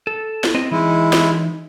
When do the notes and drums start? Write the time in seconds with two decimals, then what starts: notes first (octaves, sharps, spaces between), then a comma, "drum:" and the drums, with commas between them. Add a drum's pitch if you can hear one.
0.07 A4
0.44 drum: snare
0.54 C4 D#5
0.71 E3 G#3 D#4 E4
1.13 drum: snare